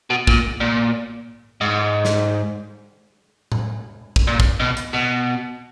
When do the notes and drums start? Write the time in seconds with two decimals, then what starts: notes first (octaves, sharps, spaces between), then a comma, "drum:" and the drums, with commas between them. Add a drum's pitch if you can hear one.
0.10 B2
0.27 A#2, drum: kick
0.61 A#2
1.61 G#2
2.05 drum: snare
3.52 drum: tom A2
4.16 drum: kick
4.27 A#2
4.40 drum: kick
4.60 B2
4.77 drum: hi-hat
4.94 B2